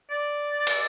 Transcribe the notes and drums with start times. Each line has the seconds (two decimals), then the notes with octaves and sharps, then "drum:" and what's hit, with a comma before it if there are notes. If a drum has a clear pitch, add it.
0.10 D5
0.67 drum: cymbal